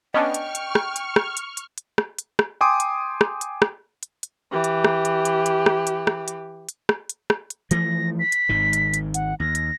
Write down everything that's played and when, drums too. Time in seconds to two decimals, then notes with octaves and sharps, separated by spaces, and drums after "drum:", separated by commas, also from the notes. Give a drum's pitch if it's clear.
0.14 B3 C#4 D4 D#5 G5 C#6 F6
0.34 drum: hi-hat
0.55 drum: hi-hat
0.75 drum: rim click
0.96 drum: hi-hat
1.16 drum: rim click
1.37 drum: hi-hat
1.57 drum: hi-hat
1.78 drum: hi-hat
1.98 drum: rim click
2.19 drum: hi-hat
2.39 drum: rim click
2.61 G5 G#5 C6 D6 D#6
2.80 drum: hi-hat
3.21 drum: rim click
3.41 drum: hi-hat
3.62 drum: rim click
4.03 drum: hi-hat
4.23 drum: hi-hat
4.51 E3 G4
4.64 drum: hi-hat
4.84 drum: rim click
5.05 drum: hi-hat
5.25 drum: hi-hat
5.46 drum: hi-hat
5.66 drum: rim click
5.87 drum: hi-hat
6.07 drum: rim click
6.28 drum: hi-hat
6.69 drum: hi-hat
6.89 drum: rim click
7.09 drum: hi-hat
7.30 drum: rim click
7.50 drum: hi-hat
7.71 E3 F3 A3 A#6, drum: hi-hat
8.19 B6
8.32 drum: hi-hat
8.49 G#1 G#2 D#3
8.73 drum: hi-hat
8.94 drum: hi-hat
9.14 F#5, drum: hi-hat
9.40 D#2 A#6
9.55 drum: hi-hat